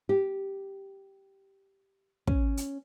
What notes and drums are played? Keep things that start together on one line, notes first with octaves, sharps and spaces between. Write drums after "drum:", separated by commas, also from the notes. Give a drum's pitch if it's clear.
G4
C#4, drum: kick
drum: hi-hat